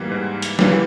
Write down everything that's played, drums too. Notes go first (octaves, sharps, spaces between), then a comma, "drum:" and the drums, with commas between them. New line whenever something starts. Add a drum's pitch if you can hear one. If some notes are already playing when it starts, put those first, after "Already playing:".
Already playing: G#2 E3 G3 A#3
G#2
drum: hi-hat
E3 G3 A#3, drum: snare